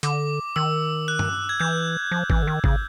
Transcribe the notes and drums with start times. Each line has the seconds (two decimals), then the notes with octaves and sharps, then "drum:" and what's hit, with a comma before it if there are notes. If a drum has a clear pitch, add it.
0.03 D3 D6, drum: hi-hat
0.56 D#3 E6
1.08 F#6
1.19 drum: tom G2
1.49 G#6
1.60 E3 G6
2.12 F3
2.30 E3, drum: kick G#1
2.42 D3
2.47 D#3
2.64 C#3, drum: kick G#1